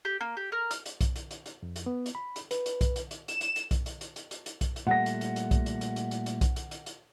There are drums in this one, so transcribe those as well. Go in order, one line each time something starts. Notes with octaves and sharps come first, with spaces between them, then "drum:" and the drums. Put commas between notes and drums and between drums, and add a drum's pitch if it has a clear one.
G4
A#3
G4
A#4
F6, drum: hi-hat
drum: hi-hat
drum: kick B1, hi-hat
drum: hi-hat
drum: hi-hat
drum: hi-hat
F2
drum: hi-hat
B3
drum: hi-hat
B5
drum: hi-hat
B4, drum: hi-hat
drum: hi-hat
drum: kick B1, hi-hat
drum: hi-hat
drum: hi-hat
E7, drum: hi-hat
drum: hi-hat
drum: hi-hat
drum: kick B1, hi-hat
drum: hi-hat
drum: hi-hat
drum: hi-hat
drum: hi-hat
drum: hi-hat
drum: kick B1, hi-hat
drum: hi-hat
A#2 G3 A3 F#5 A#6
drum: hi-hat
drum: hi-hat
drum: hi-hat
drum: kick B1, hi-hat
drum: hi-hat
drum: hi-hat
drum: hi-hat
drum: hi-hat
drum: hi-hat
drum: kick B1, hi-hat
drum: hi-hat
drum: hi-hat
drum: hi-hat